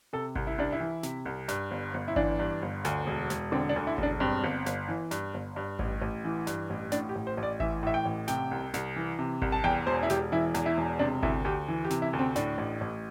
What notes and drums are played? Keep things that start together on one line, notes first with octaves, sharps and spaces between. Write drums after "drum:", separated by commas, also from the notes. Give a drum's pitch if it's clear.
C3 A4
C2, drum: kick G#1
E4
C2 D4
E4
E3
C3, drum: snare
C2
G2, drum: snare
G1
G1
E4
E3 D4, drum: kick G#1
G2
G1
D2, drum: snare
E1
E1, drum: snare
D3 C4
D4
D2
E4
E1 D4, drum: kick G#1
G2 C4
G1
G1, drum: snare
E3
G2, drum: snare
G1
G2
A1, drum: kick G#1
A1
E3
G2, drum: snare
A1
A2 D4, drum: snare
G4
A1
C5
A1
D5
E3 E5, drum: kick G#1
A2 E5
G5
A1
C3 G5, drum: snare
C2
C2, drum: snare
E3
C3
C2, drum: kick G#1
A5
E2 G5
E1 C5
E4
E1 G4, drum: snare
E3 E4
E2, drum: snare
E4
E1
C3 D4
D2 E4, drum: kick G#1
D2 G4
E3
G4
C3, drum: snare
E4
D2
C4
A2 D4, drum: snare
A1
A1